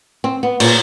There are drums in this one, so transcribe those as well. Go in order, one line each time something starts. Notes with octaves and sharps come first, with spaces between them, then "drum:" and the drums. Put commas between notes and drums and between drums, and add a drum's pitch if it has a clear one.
C4
B3
A#2, drum: cymbal